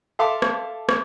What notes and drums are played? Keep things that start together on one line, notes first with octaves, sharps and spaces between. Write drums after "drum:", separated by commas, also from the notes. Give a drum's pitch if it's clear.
A4 E5 F5 C6 D6
drum: rim click
drum: rim click